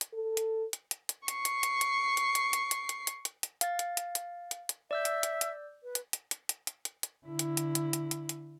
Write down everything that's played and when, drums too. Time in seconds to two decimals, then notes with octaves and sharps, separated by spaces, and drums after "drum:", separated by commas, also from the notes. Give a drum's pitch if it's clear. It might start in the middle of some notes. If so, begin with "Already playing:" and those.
0.01 drum: hi-hat
0.14 A4
0.37 drum: hi-hat
0.73 drum: hi-hat
0.91 drum: hi-hat
1.09 drum: hi-hat
1.28 C#6 C7, drum: hi-hat
1.45 drum: hi-hat
1.63 drum: hi-hat
1.81 drum: hi-hat
2.17 drum: hi-hat
2.35 drum: hi-hat
2.53 drum: hi-hat
2.71 drum: hi-hat
2.89 drum: hi-hat
3.07 drum: hi-hat
3.25 drum: hi-hat
3.43 drum: hi-hat
3.61 F5 A6, drum: hi-hat
3.79 drum: hi-hat
3.97 drum: hi-hat
4.15 drum: hi-hat
4.51 drum: hi-hat
4.69 drum: hi-hat
4.91 D5 E5 E6 G6
5.05 drum: hi-hat
5.23 drum: hi-hat
5.41 drum: hi-hat
5.83 B4
5.95 drum: hi-hat
6.13 drum: hi-hat
6.31 drum: hi-hat
6.49 drum: hi-hat
6.67 drum: hi-hat
6.85 drum: hi-hat
7.03 drum: hi-hat
7.26 D3 E4
7.39 drum: hi-hat
7.57 drum: hi-hat
7.75 drum: hi-hat
7.93 drum: hi-hat
8.11 drum: hi-hat
8.29 drum: hi-hat